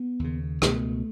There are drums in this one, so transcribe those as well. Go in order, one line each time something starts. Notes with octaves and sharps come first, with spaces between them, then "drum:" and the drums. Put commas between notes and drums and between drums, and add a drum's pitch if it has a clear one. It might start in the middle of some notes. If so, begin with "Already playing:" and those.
Already playing: B3
D#2 C#3
C#2 B2 A3, drum: rim click